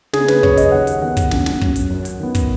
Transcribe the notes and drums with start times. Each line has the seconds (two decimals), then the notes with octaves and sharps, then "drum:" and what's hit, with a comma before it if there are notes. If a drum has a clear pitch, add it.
0.13 C#3 G#4, drum: snare
0.28 B4, drum: snare
0.43 F#3 C#4 C#5, drum: kick
0.57 D#5, drum: hi-hat
0.72 D#2 F#5
0.87 drum: hi-hat
1.02 D#3 B3 F#5
1.17 drum: kick, hi-hat
1.31 F#2, drum: snare
1.46 drum: snare
1.61 F#3 C#4, drum: kick
1.76 drum: hi-hat
1.90 F#2
2.05 drum: hi-hat
2.20 D#3 B3
2.35 drum: kick, hi-hat